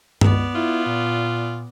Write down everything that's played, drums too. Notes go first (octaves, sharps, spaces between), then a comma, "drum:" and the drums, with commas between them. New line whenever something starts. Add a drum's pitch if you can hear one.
C#2 B3 D5, drum: tom G2
E4 F4
A#2